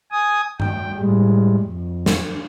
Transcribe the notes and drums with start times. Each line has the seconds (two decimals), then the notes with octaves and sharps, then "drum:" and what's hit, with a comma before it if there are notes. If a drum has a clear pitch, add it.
0.12 G#5 D#6
0.60 G5, drum: tom G2
0.96 A2 G3 G#3
1.60 F2
2.06 drum: snare